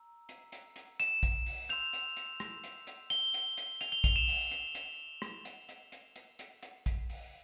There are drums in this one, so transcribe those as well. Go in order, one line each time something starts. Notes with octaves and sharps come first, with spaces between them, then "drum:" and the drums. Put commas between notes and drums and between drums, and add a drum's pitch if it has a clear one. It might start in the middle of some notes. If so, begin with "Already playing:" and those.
Already playing: A#5 E6
drum: hi-hat
drum: hi-hat
drum: hi-hat
E7, drum: hi-hat
drum: kick A#1, hi-hat
drum: open hi-hat
C6 E6 G6 F7, drum: hi-hat
drum: hi-hat
drum: hi-hat
drum: rim click
drum: hi-hat
drum: hi-hat
G7, drum: hi-hat
drum: hi-hat
drum: hi-hat
F7, drum: hi-hat
G7
F7, drum: kick A#1, hi-hat
E7
drum: open hi-hat
drum: hi-hat
drum: hi-hat
drum: rim click
drum: hi-hat
drum: hi-hat
drum: hi-hat
drum: hi-hat
drum: hi-hat
drum: hi-hat
drum: kick A#1, hi-hat
drum: open hi-hat